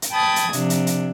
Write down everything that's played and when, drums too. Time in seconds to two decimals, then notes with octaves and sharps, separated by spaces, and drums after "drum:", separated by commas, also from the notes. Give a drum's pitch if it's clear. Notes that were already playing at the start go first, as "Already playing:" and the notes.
0.02 drum: hi-hat
0.12 G5 A5 B5 D#6 G#6
0.36 drum: hi-hat
0.53 C3 F3 D4, drum: hi-hat
0.70 drum: hi-hat
0.87 drum: hi-hat